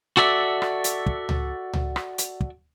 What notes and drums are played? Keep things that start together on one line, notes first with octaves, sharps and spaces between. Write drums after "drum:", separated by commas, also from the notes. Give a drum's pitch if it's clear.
F#4 A4 D5 E5
drum: rim click
drum: hi-hat
drum: kick
drum: tom C#2
drum: tom C#2
drum: rim click
drum: hi-hat
drum: kick